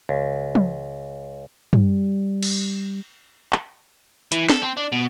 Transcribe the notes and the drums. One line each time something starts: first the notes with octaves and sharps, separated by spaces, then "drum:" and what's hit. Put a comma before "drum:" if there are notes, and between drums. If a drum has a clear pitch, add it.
C#2
drum: tom
G3, drum: tom
drum: cymbal
drum: clap
E3, drum: hi-hat
A4, drum: snare
C4
D4
B2